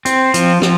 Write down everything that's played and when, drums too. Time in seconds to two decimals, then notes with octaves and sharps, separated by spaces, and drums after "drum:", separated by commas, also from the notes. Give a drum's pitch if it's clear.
0.05 C4, drum: hi-hat
0.34 F3, drum: hi-hat
0.62 F3, drum: rim click